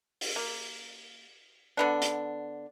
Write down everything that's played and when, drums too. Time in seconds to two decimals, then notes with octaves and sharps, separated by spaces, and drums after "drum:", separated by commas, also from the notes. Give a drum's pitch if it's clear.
0.21 drum: open hi-hat
0.36 A#3
1.77 D3 B3 D4
2.02 drum: hi-hat